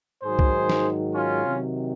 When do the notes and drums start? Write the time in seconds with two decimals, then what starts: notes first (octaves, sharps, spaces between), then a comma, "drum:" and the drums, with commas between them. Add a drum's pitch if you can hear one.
0.23 G#2 D#3 F#3 G#4 C5
0.39 drum: kick B1
0.69 drum: snare
1.15 C#4 F4
1.45 C3 D#3 F#3